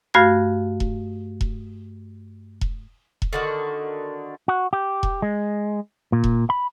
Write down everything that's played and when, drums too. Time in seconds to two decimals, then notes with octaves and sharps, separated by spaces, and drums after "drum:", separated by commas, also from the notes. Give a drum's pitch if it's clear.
0.14 G2 A3 F#4 F5 F6 G#6
0.80 drum: kick E1
1.41 drum: kick E1
2.61 drum: kick E1
3.22 drum: kick E1
3.33 D3 D#3 F#4
4.48 F#4
4.73 G4
5.03 drum: kick E1
5.22 G#3
6.12 A#2
6.24 drum: kick E1
6.50 B5